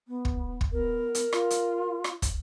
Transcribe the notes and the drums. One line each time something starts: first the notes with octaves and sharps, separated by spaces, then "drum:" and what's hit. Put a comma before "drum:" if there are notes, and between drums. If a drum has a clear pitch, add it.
B3
drum: kick
drum: kick
B3 A#4
drum: hi-hat
F4, drum: rim click
drum: hi-hat
drum: rim click
drum: kick, hi-hat